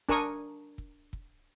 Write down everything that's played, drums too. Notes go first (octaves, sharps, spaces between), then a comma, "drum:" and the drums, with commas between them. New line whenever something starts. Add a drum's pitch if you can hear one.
D4 A#4 G#5 C#6 D#6, drum: kick
drum: kick
drum: kick